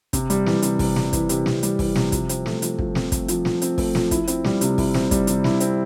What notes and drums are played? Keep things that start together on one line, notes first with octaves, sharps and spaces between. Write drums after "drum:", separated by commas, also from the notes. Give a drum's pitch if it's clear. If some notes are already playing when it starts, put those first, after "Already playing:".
C3, drum: kick, hi-hat
G3, drum: hi-hat
E3, drum: snare
C3, drum: hi-hat
C3, drum: kick, open hi-hat
G3, drum: snare
E3, drum: kick, hi-hat
C3, drum: hi-hat
C3, drum: snare
G3, drum: hi-hat
E3, drum: kick, open hi-hat
C3, drum: snare
F3, drum: kick, hi-hat
C4, drum: hi-hat
A3, drum: snare
F3, drum: hi-hat
F3, drum: kick
C4, drum: snare
A3, drum: kick, hi-hat
F3, drum: hi-hat
F3, drum: snare
C4, drum: hi-hat
A3, drum: kick, open hi-hat
F3, drum: snare
E4, drum: kick, hi-hat
C4, drum: hi-hat
G3, drum: snare
C3, drum: hi-hat
E4, drum: kick, open hi-hat
C4, drum: snare
G3, drum: kick, hi-hat
C3, drum: hi-hat
E4, drum: snare
C4, drum: hi-hat